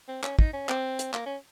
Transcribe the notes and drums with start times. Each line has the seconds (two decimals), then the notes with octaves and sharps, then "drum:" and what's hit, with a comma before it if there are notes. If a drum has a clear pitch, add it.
0.08 C4
0.23 C#4, drum: clap
0.39 D#4, drum: kick
0.53 C#4
0.69 C4, drum: clap
0.99 drum: hi-hat
1.14 A#3, drum: clap
1.26 C#4